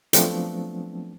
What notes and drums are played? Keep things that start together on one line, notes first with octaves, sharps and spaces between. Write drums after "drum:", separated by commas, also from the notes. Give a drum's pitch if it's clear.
F3 F#3 A3 B3 C4 D4, drum: hi-hat